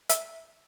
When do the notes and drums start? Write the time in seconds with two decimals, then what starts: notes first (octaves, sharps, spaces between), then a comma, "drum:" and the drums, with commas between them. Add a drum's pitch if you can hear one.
0.10 E5, drum: hi-hat